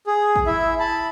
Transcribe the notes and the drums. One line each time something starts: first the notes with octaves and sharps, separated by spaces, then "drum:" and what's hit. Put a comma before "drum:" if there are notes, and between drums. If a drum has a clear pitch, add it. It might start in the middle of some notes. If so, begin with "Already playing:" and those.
G#4
drum: kick
E4 E5
A5 B5